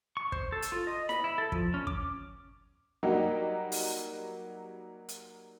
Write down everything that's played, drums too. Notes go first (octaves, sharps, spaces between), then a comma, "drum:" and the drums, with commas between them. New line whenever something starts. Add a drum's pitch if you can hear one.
C#6
C5, drum: kick
A4
drum: hi-hat
F4
D#5
B5, drum: snare E4
E4
A4
F3, drum: kick
C#4
D6, drum: kick
F#3 G3 A#3 D#4 F#4 G4
drum: open hi-hat
drum: hi-hat